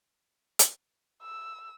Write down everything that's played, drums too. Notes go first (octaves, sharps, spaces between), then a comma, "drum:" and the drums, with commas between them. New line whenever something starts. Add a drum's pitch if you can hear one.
drum: hi-hat
E6